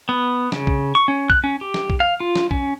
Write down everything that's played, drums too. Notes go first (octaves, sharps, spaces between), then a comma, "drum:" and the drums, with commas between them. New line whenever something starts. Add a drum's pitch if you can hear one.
B3
C#3, drum: snare
drum: kick B1
C#6
C#4
F#6, drum: kick B1
C#4
G4
drum: snare
drum: kick B1
F5
F4
drum: snare
C#4, drum: kick B1